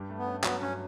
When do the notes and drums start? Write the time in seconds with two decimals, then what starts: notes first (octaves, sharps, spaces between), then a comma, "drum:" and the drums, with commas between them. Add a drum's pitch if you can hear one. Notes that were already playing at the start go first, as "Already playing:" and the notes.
Already playing: G2 G3
0.10 A3
0.18 B3
0.27 C#4
0.44 F#3 B3, drum: clap
0.61 G2 C#4